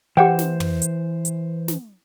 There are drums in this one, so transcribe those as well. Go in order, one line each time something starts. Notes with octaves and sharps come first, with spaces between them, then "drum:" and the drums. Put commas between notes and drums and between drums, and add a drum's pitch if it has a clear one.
E3 G4 C5 F#5 G5
drum: snare
drum: tom
drum: hi-hat
drum: hi-hat
drum: snare